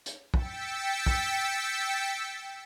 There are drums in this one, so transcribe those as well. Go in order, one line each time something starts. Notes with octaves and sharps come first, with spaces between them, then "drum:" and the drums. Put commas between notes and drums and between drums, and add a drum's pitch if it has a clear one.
drum: hi-hat
G5 E6 A6 B6 C#7, drum: kick
drum: kick